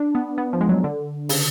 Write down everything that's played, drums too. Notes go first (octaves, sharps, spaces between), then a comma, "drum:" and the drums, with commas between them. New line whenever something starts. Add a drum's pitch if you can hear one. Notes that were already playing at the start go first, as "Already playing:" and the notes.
Already playing: D4
B3
B3
F3
G#3
F#3
D3
C#3, drum: open hi-hat